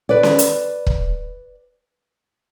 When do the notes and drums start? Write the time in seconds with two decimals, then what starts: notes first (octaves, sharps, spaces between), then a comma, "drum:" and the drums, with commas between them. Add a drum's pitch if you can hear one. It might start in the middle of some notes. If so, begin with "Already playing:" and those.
0.09 B4 D5
0.23 drum: snare C#4
0.39 drum: hi-hat
0.87 drum: kick